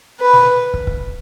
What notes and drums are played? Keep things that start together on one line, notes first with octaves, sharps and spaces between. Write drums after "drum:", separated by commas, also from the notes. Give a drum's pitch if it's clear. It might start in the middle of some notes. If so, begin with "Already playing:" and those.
B4
drum: snare
drum: kick
drum: kick